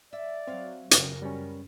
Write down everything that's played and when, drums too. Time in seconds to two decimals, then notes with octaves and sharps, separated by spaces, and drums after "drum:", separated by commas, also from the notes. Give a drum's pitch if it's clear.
0.13 D5 E5
0.47 F#3 C4 C#5 F5
0.91 F#2 C#3 F#3 A#4, drum: hi-hat
1.22 G3 B3 C#4